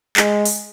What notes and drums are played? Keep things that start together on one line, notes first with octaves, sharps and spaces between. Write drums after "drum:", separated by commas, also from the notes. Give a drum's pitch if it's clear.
G#3, drum: clap
drum: open hi-hat